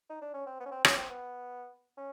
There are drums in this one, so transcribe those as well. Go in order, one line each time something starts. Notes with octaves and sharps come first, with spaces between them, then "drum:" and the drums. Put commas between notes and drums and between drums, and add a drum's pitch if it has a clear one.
D#4
D4
C#4
C4
B3
C#4
C4
C#4, drum: rim click
C4
B3
C#4